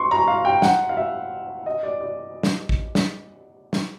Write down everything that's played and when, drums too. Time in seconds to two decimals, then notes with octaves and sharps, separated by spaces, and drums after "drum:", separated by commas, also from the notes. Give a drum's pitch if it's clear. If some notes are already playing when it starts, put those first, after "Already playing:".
Already playing: C6 C#6
0.11 A#5
0.28 F5
0.45 G5
0.62 F#5, drum: snare
0.89 F5
0.97 E5
1.66 D#5
1.83 D5
2.01 D5
2.43 drum: snare
2.69 drum: kick A1
2.95 drum: snare
3.73 drum: snare